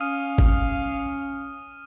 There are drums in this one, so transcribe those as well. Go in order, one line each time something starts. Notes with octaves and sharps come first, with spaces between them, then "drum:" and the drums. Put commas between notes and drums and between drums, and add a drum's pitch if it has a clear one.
C#4 F5 D#6 F6 D#7
drum: kick G#1